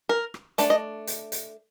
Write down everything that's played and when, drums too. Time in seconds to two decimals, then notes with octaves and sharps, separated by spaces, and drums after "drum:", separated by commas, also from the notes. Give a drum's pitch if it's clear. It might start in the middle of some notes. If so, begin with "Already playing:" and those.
0.09 A#4
0.34 drum: rim click
0.58 A3 D4 D5, drum: hi-hat
0.70 D#5
1.07 drum: hi-hat
1.32 drum: hi-hat